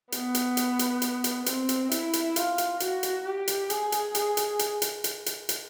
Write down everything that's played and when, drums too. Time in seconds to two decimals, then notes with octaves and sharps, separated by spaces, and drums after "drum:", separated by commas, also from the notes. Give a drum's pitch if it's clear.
0.12 B3, drum: hi-hat
0.35 drum: hi-hat
0.57 drum: hi-hat
0.79 drum: hi-hat
1.02 drum: hi-hat
1.24 drum: hi-hat
1.46 C4, drum: hi-hat
1.69 drum: hi-hat
1.91 E4, drum: hi-hat
2.13 drum: hi-hat
2.36 F4, drum: hi-hat
2.58 drum: hi-hat
2.80 F#4, drum: hi-hat
3.03 drum: hi-hat
3.25 G4
3.48 drum: hi-hat
3.70 G#4, drum: hi-hat
3.92 drum: hi-hat
4.15 G#4, drum: hi-hat
4.37 drum: hi-hat
4.59 drum: hi-hat
4.82 drum: hi-hat
5.04 drum: hi-hat
5.26 drum: hi-hat
5.49 drum: hi-hat